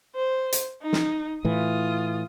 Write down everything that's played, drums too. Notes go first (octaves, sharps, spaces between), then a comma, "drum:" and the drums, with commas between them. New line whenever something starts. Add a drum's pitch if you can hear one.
C5
drum: hi-hat
D#4
drum: snare
A2 E3 F4 D#6